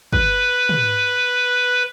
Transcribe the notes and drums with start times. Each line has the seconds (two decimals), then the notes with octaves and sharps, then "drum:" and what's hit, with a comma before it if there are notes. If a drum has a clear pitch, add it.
0.13 B4, drum: kick
0.69 drum: tom